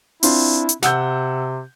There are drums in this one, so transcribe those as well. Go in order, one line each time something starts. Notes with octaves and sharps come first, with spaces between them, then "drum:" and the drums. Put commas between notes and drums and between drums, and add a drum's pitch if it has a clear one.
C4 D4 E4 F4, drum: open hi-hat
drum: hi-hat
C3 F#5 E6 G6, drum: snare